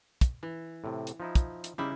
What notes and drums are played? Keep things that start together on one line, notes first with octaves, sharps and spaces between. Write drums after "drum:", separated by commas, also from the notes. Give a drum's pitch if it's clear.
drum: kick, hi-hat
E3
A2 C3
drum: hi-hat
F3 D#4 E4
drum: kick, hi-hat
drum: hi-hat
C#3 G3 D#4 E4 G4